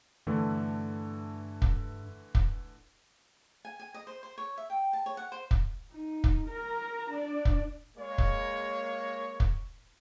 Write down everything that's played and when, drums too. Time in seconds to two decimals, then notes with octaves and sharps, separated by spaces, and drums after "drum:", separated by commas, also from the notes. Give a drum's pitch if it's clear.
0.27 G2 D3 E3 A3
1.62 drum: kick
2.35 drum: kick
3.65 G#5
3.80 G#5
3.94 D#5
4.07 C5
4.23 C5
4.38 C#5
4.58 E5
4.70 G5
4.93 A5
5.06 C#5
5.17 F#5
5.32 C5
5.51 drum: kick
5.93 D#4
6.24 drum: kick
6.48 A#4 A#5
7.10 D4 D5
7.45 drum: kick
7.97 G#3 A#3 C#5
8.18 drum: kick
9.40 drum: kick